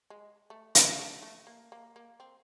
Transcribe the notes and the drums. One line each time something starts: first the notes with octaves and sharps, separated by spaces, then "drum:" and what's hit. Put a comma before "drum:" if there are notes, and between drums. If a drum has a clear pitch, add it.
G#3
A3
G#3, drum: hi-hat
A3
A3
A#3
A#3
A#3
C4